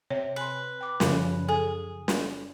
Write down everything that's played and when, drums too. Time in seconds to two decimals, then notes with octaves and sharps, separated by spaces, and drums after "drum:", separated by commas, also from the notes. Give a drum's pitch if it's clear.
0.10 C3 C#5
0.36 B4 G#5 C6
0.81 G5 D6
1.00 F#2 C#3 F3 A#4, drum: snare
1.48 G#4 A4
2.08 drum: snare